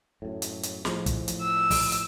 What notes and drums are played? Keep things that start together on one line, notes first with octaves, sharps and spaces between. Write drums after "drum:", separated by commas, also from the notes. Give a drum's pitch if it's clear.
F#2 A2
drum: hi-hat
drum: hi-hat
A2 F3 G#3, drum: snare
drum: kick, hi-hat
drum: hi-hat
E6
drum: kick, open hi-hat
drum: hi-hat